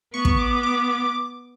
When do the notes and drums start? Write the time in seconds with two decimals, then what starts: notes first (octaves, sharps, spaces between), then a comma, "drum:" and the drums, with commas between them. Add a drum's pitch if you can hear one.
0.14 B3 C#6
0.25 drum: kick
0.39 D6
0.63 D6